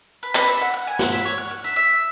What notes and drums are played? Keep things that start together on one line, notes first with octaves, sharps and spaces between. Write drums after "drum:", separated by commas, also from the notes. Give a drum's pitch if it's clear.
B4
B4, drum: clap
E5
F#5
F#5
G#5
F#5, drum: snare
E5
C#5
F#5
F#5
E5, drum: hi-hat
E5